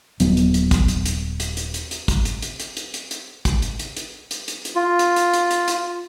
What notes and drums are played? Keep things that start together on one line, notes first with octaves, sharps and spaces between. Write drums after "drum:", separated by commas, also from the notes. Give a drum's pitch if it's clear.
D#1 F#3 B3, drum: hi-hat
drum: hi-hat
drum: hi-hat
drum: kick, hi-hat
drum: hi-hat
drum: hi-hat
drum: hi-hat
drum: hi-hat
drum: hi-hat
drum: hi-hat
drum: kick, hi-hat
drum: hi-hat
drum: hi-hat
drum: hi-hat
drum: hi-hat
drum: hi-hat
drum: hi-hat
drum: kick, hi-hat
drum: hi-hat
drum: hi-hat
drum: hi-hat
drum: hi-hat
drum: hi-hat
drum: hi-hat
F4
drum: hi-hat
drum: hi-hat
drum: hi-hat
drum: hi-hat
drum: hi-hat